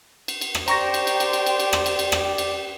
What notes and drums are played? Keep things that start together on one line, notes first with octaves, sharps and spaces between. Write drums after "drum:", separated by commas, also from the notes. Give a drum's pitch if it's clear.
drum: cymbal
drum: cymbal
drum: rim click
G4 C5 D5 G5 A#5 C#6 A#6, drum: cymbal
drum: cymbal
drum: cymbal
drum: cymbal
drum: cymbal
drum: cymbal
drum: cymbal
drum: rim click
drum: cymbal
drum: cymbal
drum: rim click
drum: cymbal